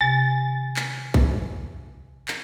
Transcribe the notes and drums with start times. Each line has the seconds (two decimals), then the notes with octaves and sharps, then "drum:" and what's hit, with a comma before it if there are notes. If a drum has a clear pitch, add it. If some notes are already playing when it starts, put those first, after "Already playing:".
0.01 C3 D#3 G#5 A6
0.76 drum: clap
1.14 drum: kick A#1
2.28 drum: clap